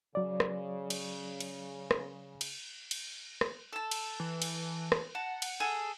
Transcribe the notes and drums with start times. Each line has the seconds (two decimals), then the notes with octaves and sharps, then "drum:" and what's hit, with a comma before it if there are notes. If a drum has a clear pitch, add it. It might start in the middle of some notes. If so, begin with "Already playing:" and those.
0.15 C#3 F#3 D5
0.40 drum: rim click
0.90 drum: cymbal
1.41 drum: cymbal
1.91 drum: rim click
2.41 drum: cymbal
2.91 drum: cymbal
3.41 drum: rim click
3.73 A4 A5
3.91 drum: cymbal
4.20 E3
4.42 drum: cymbal
4.92 drum: rim click
5.15 F#5 A5 A#5
5.42 drum: cymbal
5.60 G#4 A4